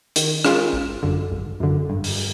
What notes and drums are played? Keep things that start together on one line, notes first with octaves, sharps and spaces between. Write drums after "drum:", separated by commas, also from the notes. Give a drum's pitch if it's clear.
D#3, drum: hi-hat
G#3 C#4 F4 A#4, drum: rim click
G#1
F#2 D3
G#1
F#2 D3
G2
drum: open hi-hat